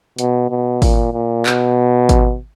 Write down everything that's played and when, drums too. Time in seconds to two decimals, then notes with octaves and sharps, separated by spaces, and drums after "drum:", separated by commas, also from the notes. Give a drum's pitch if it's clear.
0.19 B2, drum: hi-hat
0.50 B2
0.82 A#2, drum: kick G#1, open hi-hat
1.13 A#2
1.46 B2, drum: clap
2.09 drum: kick G#1, hi-hat